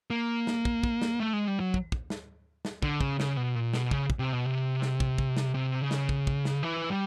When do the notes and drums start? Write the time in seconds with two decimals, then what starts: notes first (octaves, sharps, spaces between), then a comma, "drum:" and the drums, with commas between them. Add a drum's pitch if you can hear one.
0.10 A#3
0.47 drum: snare
0.65 drum: kick
0.83 drum: kick
1.02 drum: snare
1.20 A3
1.33 G#3
1.47 G3
1.60 F#3
1.74 drum: kick
1.92 drum: kick
2.10 drum: snare
2.65 drum: snare
2.82 D3, drum: kick
3.01 C#3, drum: kick
3.20 C#3, drum: snare
3.37 B2
3.55 A#2
3.73 B2, drum: snare
3.91 C#3, drum: kick
4.10 drum: kick
4.19 C3
4.33 B2
4.46 C3
4.82 drum: snare
5.00 drum: kick
5.18 drum: kick
5.37 drum: snare
5.55 C3
5.82 C#3
5.91 drum: snare
6.09 drum: kick
6.27 drum: kick
6.45 drum: snare
6.63 E3
6.90 G3